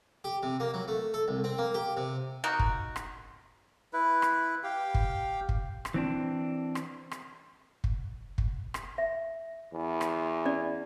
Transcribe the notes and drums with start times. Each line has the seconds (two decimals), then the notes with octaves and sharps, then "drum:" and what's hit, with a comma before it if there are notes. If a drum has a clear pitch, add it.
0.24 G4
0.43 C3
0.60 A#3
0.74 F#3
0.88 A3
1.14 A4
1.28 C2
1.44 C4
1.58 A#3
1.74 G4
1.97 C3
2.44 A#3 D#4 F#4
2.59 drum: kick
2.96 drum: rim click
3.93 E4 B4
4.22 drum: rim click
4.63 G4 F5 G5
4.94 drum: kick
5.49 drum: kick
5.85 drum: rim click
5.94 E3 C4 D4
6.75 drum: rim click
7.11 drum: rim click
7.84 drum: kick
8.38 drum: kick
8.74 drum: rim click
8.98 E5
9.73 E2
10.01 drum: rim click
10.46 C#4 D5